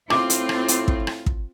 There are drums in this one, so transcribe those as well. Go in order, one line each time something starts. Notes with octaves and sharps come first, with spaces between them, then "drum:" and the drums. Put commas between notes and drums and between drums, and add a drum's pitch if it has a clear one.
A2 C4 F4 D6, drum: rim click
drum: hi-hat
drum: rim click
drum: hi-hat
drum: kick
drum: rim click
drum: kick